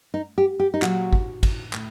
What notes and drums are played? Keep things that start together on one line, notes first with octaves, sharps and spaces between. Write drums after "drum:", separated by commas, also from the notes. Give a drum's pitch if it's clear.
D#4
G4
G4
D#4
A#2 F#3 F#4, drum: clap
drum: kick
drum: kick, cymbal
A2, drum: clap